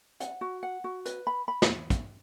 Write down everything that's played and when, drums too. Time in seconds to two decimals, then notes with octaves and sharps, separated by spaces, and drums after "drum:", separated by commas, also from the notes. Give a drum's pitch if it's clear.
0.20 F#5, drum: hi-hat
0.41 F#4
0.63 F#5
0.84 F#4
1.05 B4, drum: hi-hat
1.27 B5
1.48 B5
1.62 drum: snare
1.90 drum: kick, hi-hat